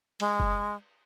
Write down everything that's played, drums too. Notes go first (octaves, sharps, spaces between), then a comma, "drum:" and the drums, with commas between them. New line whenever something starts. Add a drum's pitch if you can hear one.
G#3, drum: cymbal
drum: kick F#1